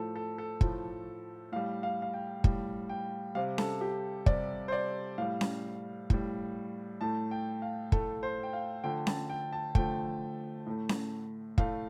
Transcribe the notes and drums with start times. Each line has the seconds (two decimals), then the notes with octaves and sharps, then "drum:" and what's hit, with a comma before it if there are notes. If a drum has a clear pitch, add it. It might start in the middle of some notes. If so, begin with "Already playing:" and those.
Already playing: A2 F3 A3 A4
0.16 A4
0.38 A4
0.61 A2 F3 A3, drum: kick
1.52 A2 G3 F5
1.83 F5
2.02 F5
2.14 G5
2.44 A2 G3, drum: kick
2.89 G5
3.35 C3 G3 F5
3.58 A4, drum: snare C#4
3.81 G4
4.26 C3 G3 D5, drum: kick
4.68 C5
4.72 D5
5.18 A2 G3 F5
5.41 drum: snare C#4
6.10 A2 G3, drum: kick
7.01 A2 A3 A5
7.31 G5
7.62 F5
7.92 A2 A3 A4, drum: kick
8.23 C5
8.43 G5
8.53 F5
8.84 D3 F3 A3 G5
9.07 A5, drum: snare C#4
9.29 G5
9.52 A5
9.75 D3 F3 A3 G5, drum: kick
10.66 A2 A3
10.89 drum: snare C#4
11.58 A2 A3 F5, drum: kick